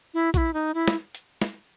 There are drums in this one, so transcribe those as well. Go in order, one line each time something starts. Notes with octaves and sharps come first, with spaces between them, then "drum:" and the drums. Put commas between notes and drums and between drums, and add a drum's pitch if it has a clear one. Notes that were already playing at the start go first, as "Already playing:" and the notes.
E4
F#4, drum: kick A#1, hi-hat
E4
D#4
E4
drum: snare
drum: hi-hat
drum: snare